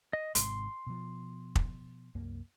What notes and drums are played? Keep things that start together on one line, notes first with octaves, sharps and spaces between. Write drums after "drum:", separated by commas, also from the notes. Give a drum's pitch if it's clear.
D#5
G#1 G#2 C3 C6, drum: hi-hat
B2 F3
drum: kick
C2 F#2 A#3